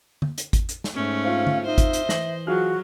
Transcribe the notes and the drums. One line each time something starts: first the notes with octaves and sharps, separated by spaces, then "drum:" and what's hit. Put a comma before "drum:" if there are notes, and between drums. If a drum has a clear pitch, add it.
drum: tom D3
drum: hi-hat
drum: kick G#1, hi-hat
drum: hi-hat
drum: snare
G#2 A3 C#4
C4 F4 F5
drum: tom D3
D#4 C5 D#5 E5
drum: kick G#1, hi-hat
drum: hi-hat
E3 A#6 F#7, drum: snare
F#3 F4 F#4 G#4 F6